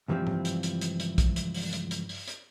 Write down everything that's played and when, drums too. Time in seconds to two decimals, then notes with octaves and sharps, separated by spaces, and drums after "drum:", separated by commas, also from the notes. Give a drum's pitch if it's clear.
0.08 C#2 G2 E3 F3 C4 G4
0.27 drum: tom G#2
0.45 drum: hi-hat
0.63 drum: hi-hat
0.81 drum: hi-hat
1.00 drum: hi-hat
1.18 drum: kick, hi-hat
1.36 drum: hi-hat
1.54 drum: open hi-hat
1.73 drum: hi-hat
1.91 drum: hi-hat
2.09 drum: open hi-hat
2.28 drum: hi-hat